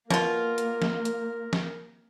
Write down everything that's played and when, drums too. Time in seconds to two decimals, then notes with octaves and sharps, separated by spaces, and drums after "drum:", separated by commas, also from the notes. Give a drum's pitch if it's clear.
0.11 B2 A#3 F4 A#4, drum: snare
0.58 drum: hi-hat
0.82 drum: snare
1.05 drum: hi-hat
1.53 drum: snare